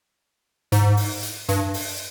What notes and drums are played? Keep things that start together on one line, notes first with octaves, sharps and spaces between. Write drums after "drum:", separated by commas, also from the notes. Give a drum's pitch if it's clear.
G#2, drum: hi-hat
drum: open hi-hat
drum: hi-hat
G2, drum: hi-hat
drum: open hi-hat